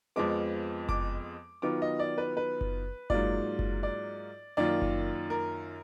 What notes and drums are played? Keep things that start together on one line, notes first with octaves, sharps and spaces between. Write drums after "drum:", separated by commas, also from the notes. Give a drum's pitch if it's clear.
F2 F3 G#3 B3 D6
D6, drum: kick F#1
D#3 F#3 B3 F4 D6
D#5
D5
B4
B4
drum: kick F#1
G#2 F#3 A#3 F4 D5, drum: kick F#1
drum: kick F#1
D5
F#2 D#3 A#3 F4 D5
drum: kick F#1
A#4